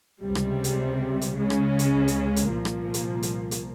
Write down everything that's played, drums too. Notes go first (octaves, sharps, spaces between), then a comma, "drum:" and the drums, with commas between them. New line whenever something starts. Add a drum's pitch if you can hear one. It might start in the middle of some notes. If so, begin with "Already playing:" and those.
C#2 C3 G3
drum: rim click
drum: hi-hat
drum: hi-hat
C#2 C#3 G#3 C#4
drum: rim click
drum: hi-hat
drum: hi-hat
drum: hi-hat
C2 A#2 F3 A#3
drum: rim click
drum: hi-hat
drum: hi-hat
drum: hi-hat